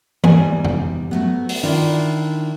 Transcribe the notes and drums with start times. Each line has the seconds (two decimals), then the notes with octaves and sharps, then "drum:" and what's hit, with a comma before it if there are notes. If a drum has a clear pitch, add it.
0.24 E2 G#2 G3 G#5, drum: tom E3
0.65 drum: tom F2
1.11 F#3 A3 B3
1.49 drum: open hi-hat
1.63 D#3 D4 E4 F4